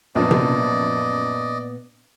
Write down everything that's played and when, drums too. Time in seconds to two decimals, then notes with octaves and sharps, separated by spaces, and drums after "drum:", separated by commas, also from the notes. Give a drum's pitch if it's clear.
0.15 A#1 F#2 A#2 F3 B3 D5 D#5
0.31 drum: tom C3